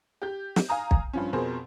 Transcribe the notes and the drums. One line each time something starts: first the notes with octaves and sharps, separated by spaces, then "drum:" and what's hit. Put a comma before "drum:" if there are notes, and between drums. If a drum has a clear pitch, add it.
G4 G6
drum: snare
F5 G#5 A#5 D#6
drum: kick B1
G2 F3 C#4
F2 B2 G#4 A#4 C5